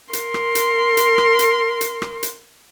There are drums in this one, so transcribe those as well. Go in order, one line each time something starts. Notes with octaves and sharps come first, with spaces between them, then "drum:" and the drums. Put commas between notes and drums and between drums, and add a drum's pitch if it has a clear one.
A#4 C6, drum: hi-hat
drum: rim click
drum: hi-hat
drum: hi-hat
drum: rim click
drum: hi-hat
drum: hi-hat
drum: rim click
drum: hi-hat